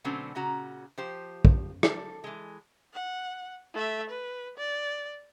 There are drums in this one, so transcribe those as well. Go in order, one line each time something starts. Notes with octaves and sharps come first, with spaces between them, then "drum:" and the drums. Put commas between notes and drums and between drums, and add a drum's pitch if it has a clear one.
B2 D3 F#3 A3 C4 C#4
A#2 C#3 C#4 F#4 A#5
F3 G4 C5
drum: kick
A4, drum: rim click
E3 G#3
F#5
A3 E5
B4
D5